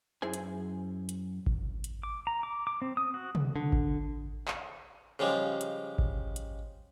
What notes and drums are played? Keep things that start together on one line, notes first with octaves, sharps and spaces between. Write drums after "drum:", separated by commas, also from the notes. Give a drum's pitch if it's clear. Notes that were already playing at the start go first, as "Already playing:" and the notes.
F#2 E4 G#4 C5 G#5
drum: hi-hat
drum: hi-hat
drum: kick G#1
drum: hi-hat
D6
A#5
D6
D6
C4
D#6
F#4
drum: tom
D3
drum: kick G#1
drum: clap
C#3 F3 G3 G#3
drum: hi-hat
drum: kick G#1
drum: hi-hat